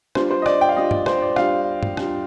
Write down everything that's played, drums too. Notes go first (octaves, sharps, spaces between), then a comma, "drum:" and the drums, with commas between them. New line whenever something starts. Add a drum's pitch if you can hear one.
G3 D4 F4 C5, drum: rim click
C5
D#5
D5, drum: rim click
G5
F5
G3 D4 F4 D#5
D5, drum: tom G2
C5, drum: rim click
D5
G3 D4 F4 F5, drum: rim click
drum: tom G2
G3 D4 F4, drum: rim click